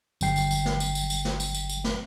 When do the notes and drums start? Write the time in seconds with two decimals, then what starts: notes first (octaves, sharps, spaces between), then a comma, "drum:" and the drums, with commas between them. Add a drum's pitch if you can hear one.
0.21 G1 F#3 G5 C7, drum: tambourine
0.36 drum: tambourine
0.51 drum: tambourine
0.66 drum: snare
0.80 drum: tambourine
0.95 drum: tambourine
1.10 drum: tambourine
1.25 drum: snare
1.40 drum: tambourine
1.55 drum: tambourine
1.69 drum: tambourine
1.84 drum: snare